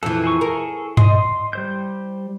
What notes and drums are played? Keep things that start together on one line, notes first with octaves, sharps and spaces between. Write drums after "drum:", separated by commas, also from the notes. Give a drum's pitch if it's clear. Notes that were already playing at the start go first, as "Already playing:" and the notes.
F2 E3 A4
G#4 A4 C#6
A#4
D#5 C6, drum: tom G2
G3 C5 G6